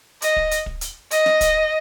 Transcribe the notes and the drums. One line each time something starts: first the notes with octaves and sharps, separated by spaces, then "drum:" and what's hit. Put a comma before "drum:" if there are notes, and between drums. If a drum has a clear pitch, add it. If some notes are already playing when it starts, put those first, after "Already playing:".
D#5, drum: hi-hat
drum: kick
drum: hi-hat
drum: kick
drum: hi-hat
D#5, drum: hi-hat
drum: snare
drum: kick, hi-hat